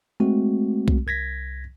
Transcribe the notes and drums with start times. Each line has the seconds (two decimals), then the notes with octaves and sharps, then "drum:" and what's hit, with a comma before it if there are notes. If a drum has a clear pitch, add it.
0.20 G#3 A3 C4 F#4
0.88 drum: kick B1
1.07 C2 G#6 A#6 B6